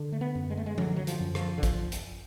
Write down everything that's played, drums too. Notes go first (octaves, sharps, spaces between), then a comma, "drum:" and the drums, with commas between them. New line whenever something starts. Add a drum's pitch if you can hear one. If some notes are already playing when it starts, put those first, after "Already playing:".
Already playing: D3
A3
B3
F#2
G#3
A3
G#3
D3 F#3, drum: tom F3
F#3
F3, drum: hi-hat
F#2
F3, drum: rim click
D3
F3, drum: kick A1, hi-hat
drum: hi-hat